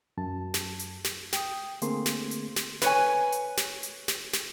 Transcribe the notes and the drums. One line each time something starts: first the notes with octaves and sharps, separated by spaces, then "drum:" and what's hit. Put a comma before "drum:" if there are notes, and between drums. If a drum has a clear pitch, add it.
F#2 A5
drum: snare
drum: hi-hat
drum: snare
G5 D#6, drum: snare
D3 A3 A#3 C4 G#4 C6, drum: hi-hat
drum: snare
drum: hi-hat
drum: snare
B4 C#5 G#5, drum: snare
drum: hi-hat
drum: snare
drum: hi-hat
drum: snare
drum: snare